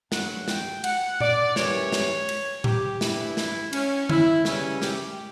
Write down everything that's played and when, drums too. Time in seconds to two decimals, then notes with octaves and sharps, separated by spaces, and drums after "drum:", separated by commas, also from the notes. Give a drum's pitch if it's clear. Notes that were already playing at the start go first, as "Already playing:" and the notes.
0.12 G2 F#3 A3 F#5, drum: snare
0.48 G5, drum: snare
0.84 F#5, drum: cymbal
1.20 D5, drum: tom A#2
1.56 F#2 E3 G3 C#5, drum: snare
1.92 drum: snare
2.29 drum: cymbal
2.64 G4, drum: tom A2
3.01 G2 E3 A3 E4, drum: snare
3.37 drum: snare
3.73 C#4, drum: cymbal
4.09 E4, drum: tom
4.45 C#3 E3 G3 C#4, drum: snare
4.82 G4, drum: snare